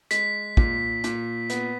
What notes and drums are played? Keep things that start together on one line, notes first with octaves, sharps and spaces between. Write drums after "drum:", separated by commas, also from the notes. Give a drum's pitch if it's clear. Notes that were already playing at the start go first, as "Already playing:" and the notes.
G#3 B6, drum: hi-hat
A#2, drum: kick
A#2, drum: hi-hat
B3, drum: hi-hat